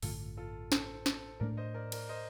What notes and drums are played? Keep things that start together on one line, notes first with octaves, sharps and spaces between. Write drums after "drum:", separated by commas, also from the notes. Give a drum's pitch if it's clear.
A1 G2 D3 A3 F4 A4, drum: open hi-hat
F4 A4
A4 C5, drum: snare
A4 C5, drum: snare
A2 A3 D4 A#4 D5
C5 D#5
A#4 D5
A#4 D5, drum: cymbal
C5 D#5